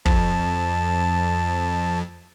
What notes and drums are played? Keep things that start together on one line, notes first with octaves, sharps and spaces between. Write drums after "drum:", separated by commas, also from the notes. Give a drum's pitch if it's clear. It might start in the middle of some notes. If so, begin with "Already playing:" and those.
F2 A5, drum: kick